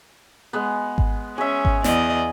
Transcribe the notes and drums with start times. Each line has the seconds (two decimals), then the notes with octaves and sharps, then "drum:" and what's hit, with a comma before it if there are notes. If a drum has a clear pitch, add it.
0.53 G#3 B3
0.98 drum: kick G#1
1.38 C#4 G#4 E5
1.65 drum: kick G#1
1.84 E2 D5 D#5, drum: snare